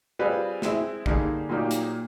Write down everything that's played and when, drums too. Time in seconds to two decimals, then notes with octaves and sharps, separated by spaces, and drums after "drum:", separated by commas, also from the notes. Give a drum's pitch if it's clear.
0.19 G3 C4 F4 G#4 B4
0.62 G#3 C4 E4, drum: snare
1.06 D3 G3 A#3 D#4 G#4, drum: kick A#1
1.49 A#2 F#3 A#3 D#4 G4
1.71 drum: hi-hat